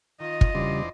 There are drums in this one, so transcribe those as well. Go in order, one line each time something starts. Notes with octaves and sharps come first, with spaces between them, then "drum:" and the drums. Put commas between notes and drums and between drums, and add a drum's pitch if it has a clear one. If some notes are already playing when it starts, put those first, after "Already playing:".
D#3 F4 D#5
drum: kick
E2 C#3 G3 D4 C5